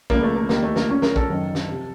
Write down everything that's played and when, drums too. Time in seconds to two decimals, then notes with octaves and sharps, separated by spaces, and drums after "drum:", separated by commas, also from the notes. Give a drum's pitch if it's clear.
0.10 C#2 C#3 F3 A#3, drum: kick
0.23 A3
0.36 A#3
0.49 D#2 D#3 A#3, drum: snare
0.63 A3
0.76 A#3, drum: snare
0.89 A#1 A#2 F3 C#4
1.02 A#4, drum: snare
1.16 A4, drum: kick
1.29 F#1 F#2 D#3
1.55 drum: snare
1.68 C3 F3